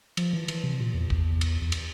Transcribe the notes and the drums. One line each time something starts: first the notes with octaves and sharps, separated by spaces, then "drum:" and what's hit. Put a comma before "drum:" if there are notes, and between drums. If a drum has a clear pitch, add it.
F3, drum: cymbal
E3
E3, drum: cymbal
C3
A#2
E2
E2, drum: kick
drum: cymbal
E2
drum: cymbal